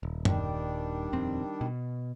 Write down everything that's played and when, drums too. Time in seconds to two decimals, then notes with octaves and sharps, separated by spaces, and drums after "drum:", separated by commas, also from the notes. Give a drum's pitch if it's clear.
0.03 D#1
0.25 D#3 G3 D4, drum: tom F#2
1.13 D#1 F2 C4
1.61 B2